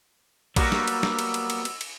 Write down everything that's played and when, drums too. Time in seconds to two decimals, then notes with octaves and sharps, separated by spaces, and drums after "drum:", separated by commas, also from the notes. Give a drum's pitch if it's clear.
0.56 F#3 G3 A#3 B3 F#4 E6, drum: kick A#1, cymbal
0.72 drum: snare
0.88 drum: cymbal
1.03 drum: snare
1.19 drum: cymbal
1.34 drum: cymbal
1.50 drum: cymbal
1.65 drum: cymbal
1.81 drum: cymbal